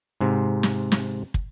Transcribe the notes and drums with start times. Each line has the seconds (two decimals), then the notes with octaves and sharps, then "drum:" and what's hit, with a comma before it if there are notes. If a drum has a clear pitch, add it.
0.21 G#2 C3
0.63 drum: snare
0.92 drum: snare
1.34 drum: kick